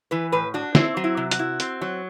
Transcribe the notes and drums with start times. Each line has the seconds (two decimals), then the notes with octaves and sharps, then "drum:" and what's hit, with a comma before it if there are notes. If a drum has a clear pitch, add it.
0.11 E3 B4
0.32 A2 B4
0.54 D4 F#4
0.75 C4 E4, drum: snare
0.97 F#3
1.04 E4
1.17 C3
1.31 F#4, drum: hi-hat
1.39 E4
1.60 C4, drum: hi-hat
1.81 F#3